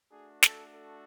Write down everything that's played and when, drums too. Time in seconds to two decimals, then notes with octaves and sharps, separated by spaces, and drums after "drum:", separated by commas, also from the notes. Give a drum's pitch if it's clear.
0.11 A3 D4 F#4 G#4
0.43 A4, drum: snare
0.74 A4